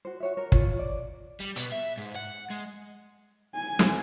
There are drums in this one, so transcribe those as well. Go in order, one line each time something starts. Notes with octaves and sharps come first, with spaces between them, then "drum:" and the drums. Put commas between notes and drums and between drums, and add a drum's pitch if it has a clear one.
F#4 C5
F#4 C#5 E5
A#4 C#5
F4 C#5, drum: kick
D5
G3
B2, drum: hi-hat
E5
G#2
F#5
G#3
G#5
drum: snare